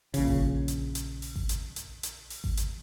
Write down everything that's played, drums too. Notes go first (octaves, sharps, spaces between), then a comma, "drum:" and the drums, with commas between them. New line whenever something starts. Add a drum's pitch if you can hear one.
A#1 C#3, drum: open hi-hat
drum: kick G#1
drum: hi-hat
drum: hi-hat
drum: open hi-hat
drum: kick G#1
drum: hi-hat
drum: hi-hat
drum: hi-hat
drum: open hi-hat
drum: kick G#1
drum: hi-hat